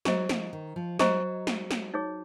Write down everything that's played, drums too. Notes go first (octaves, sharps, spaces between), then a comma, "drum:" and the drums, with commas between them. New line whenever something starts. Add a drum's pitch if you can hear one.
F#3 C5 D#5 A#5 C#6, drum: snare
F3, drum: snare
D#3
F3
F#3 C5 D#5 A#5 C#6, drum: snare
drum: snare
drum: snare
D#4 G#4 C#5